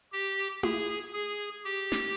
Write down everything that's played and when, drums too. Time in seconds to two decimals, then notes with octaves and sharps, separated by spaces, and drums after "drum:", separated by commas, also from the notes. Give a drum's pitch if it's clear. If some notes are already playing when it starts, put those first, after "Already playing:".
0.12 G4
0.63 G#4, drum: tom E4
1.14 G#4
1.64 G4
1.92 drum: snare